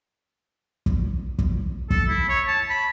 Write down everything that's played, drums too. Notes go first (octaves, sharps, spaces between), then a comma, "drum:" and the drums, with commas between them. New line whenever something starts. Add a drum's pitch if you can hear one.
drum: kick
drum: kick
A4, drum: kick
E4
C#5
A5
B5